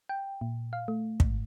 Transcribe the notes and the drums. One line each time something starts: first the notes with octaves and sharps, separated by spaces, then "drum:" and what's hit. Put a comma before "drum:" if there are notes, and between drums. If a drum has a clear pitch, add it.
G5
A#2
F5
A3
G#2, drum: kick